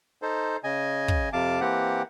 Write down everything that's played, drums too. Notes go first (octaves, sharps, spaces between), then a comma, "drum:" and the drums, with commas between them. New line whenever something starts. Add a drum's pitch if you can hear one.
D#4 A4 C5
C#3 D#5 G#5
drum: kick
F2 C3 F5 A5 D6
E3 A#3 C4 G4 F#5